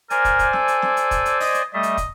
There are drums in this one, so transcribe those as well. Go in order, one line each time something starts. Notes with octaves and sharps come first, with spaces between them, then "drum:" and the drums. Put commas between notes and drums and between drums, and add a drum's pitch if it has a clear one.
A#4 C5 D5 G#5, drum: hi-hat
drum: kick, hi-hat
drum: kick, hi-hat
A4, drum: snare
drum: hi-hat
drum: snare
drum: hi-hat
drum: kick, hi-hat
drum: hi-hat
D#5, drum: open hi-hat
drum: hi-hat
G3 A3 D#5 E5
drum: hi-hat
drum: kick, hi-hat